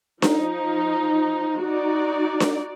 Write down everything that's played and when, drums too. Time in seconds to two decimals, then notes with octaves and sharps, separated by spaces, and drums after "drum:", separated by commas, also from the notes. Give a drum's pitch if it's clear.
0.22 F3 D#4, drum: snare D4
1.60 D#4 F#4 D5
2.40 drum: snare D4